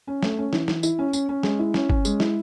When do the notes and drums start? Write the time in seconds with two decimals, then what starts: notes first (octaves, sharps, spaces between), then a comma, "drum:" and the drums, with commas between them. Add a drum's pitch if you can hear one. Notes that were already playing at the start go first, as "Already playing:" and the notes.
0.07 C#4
0.23 A3, drum: snare
0.38 C#4
0.53 E3, drum: snare
0.68 E3, drum: snare
0.83 E4, drum: tambourine
0.99 C#4
1.13 C#4, drum: tambourine
1.29 C#4
1.43 G#3, drum: snare
1.59 E4
1.74 C#4, drum: snare
1.90 C#4, drum: kick
2.05 G#3, drum: tambourine
2.20 E4, drum: snare